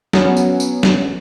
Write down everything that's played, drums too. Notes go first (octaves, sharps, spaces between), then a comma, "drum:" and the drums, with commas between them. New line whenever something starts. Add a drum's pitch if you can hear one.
F#3 B3 C#4, drum: snare
drum: tambourine
drum: tambourine
drum: snare